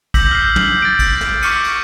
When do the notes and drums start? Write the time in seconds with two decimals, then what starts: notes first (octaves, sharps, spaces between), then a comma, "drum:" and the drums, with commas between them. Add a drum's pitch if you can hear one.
0.14 D6 E6 G6 A#6 B6 F#7, drum: kick A1, cymbal
0.31 F6 G6 C7
0.56 drum: tom
0.82 A6 D7
0.99 drum: kick A1, cymbal
1.21 drum: snare
1.42 C#6 D6 F6 C#7 D#7, drum: cymbal
1.64 drum: cymbal